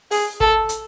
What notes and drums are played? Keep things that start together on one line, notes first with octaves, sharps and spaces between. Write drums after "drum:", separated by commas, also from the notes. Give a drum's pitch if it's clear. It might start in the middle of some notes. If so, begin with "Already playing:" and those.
G#4, drum: open hi-hat
A4, drum: kick
drum: hi-hat